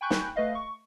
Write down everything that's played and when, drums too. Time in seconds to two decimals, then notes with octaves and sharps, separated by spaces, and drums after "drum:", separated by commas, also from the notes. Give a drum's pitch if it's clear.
0.01 G5 G#5 B5 C#6 F#6 G6
0.10 drum: snare
0.36 A3 B4 D#5 F5
0.55 C#6